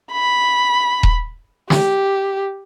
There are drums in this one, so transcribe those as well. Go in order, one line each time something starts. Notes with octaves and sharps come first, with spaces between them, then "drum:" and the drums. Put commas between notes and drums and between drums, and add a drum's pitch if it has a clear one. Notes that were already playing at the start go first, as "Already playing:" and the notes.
B5
drum: kick D#1
G4, drum: snare